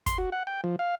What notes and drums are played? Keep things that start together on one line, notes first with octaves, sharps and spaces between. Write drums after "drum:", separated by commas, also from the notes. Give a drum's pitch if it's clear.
C6, drum: kick, hi-hat
F#4
F#5
G5
F3
F5